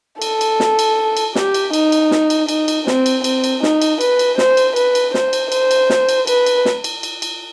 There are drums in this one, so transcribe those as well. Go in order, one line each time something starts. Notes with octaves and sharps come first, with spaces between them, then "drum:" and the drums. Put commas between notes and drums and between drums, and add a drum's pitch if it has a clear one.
A4, drum: cymbal
drum: cymbal
drum: snare
drum: cymbal
drum: cymbal
G4, drum: snare
drum: cymbal
D#4, drum: cymbal
drum: cymbal
drum: snare
drum: cymbal
D#4, drum: cymbal
drum: cymbal
C4, drum: snare
drum: cymbal
C4, drum: cymbal
drum: cymbal
D#4, drum: snare
drum: cymbal
B4, drum: cymbal
drum: cymbal
C5, drum: snare
drum: cymbal
B4, drum: cymbal
drum: cymbal
C5, drum: snare
drum: cymbal
C5, drum: cymbal
drum: cymbal
drum: snare
drum: cymbal
B4, drum: cymbal
drum: cymbal
drum: snare
drum: cymbal
drum: cymbal
drum: cymbal